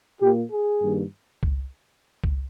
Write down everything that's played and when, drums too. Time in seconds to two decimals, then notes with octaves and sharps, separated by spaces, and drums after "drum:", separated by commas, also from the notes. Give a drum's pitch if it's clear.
0.21 A#2 A#3 G4
0.52 G#4
0.82 G2 D#3 A#3
1.43 drum: kick C2
2.24 drum: kick C2